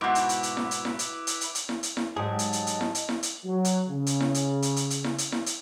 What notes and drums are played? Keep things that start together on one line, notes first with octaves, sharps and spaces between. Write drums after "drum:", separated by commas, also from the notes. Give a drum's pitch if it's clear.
G#2 B2 E4 F#4 B4 E5 D6 D7
drum: hi-hat
drum: hi-hat
drum: hi-hat
drum: snare E4
drum: hi-hat
drum: snare E4
drum: hi-hat
drum: hi-hat
drum: hi-hat
drum: hi-hat
drum: snare E4
drum: hi-hat
drum: snare E4
G#2 F#3 G4 G#4 D#5 A5
drum: hi-hat
drum: hi-hat
drum: hi-hat
drum: snare E4
drum: hi-hat
drum: snare E4
drum: hi-hat
F#3
drum: hi-hat
C#3
drum: hi-hat
drum: snare E4
drum: hi-hat
drum: hi-hat
drum: hi-hat
drum: hi-hat
drum: snare E4
drum: hi-hat
drum: snare E4
drum: hi-hat